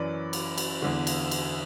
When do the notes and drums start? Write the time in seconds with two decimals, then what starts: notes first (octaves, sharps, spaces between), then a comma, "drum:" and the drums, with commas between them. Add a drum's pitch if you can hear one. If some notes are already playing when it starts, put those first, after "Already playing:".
Already playing: F#2 E3 B4 D5
0.33 drum: cymbal
0.58 drum: cymbal
0.82 E2 D3
1.07 drum: cymbal
1.31 drum: cymbal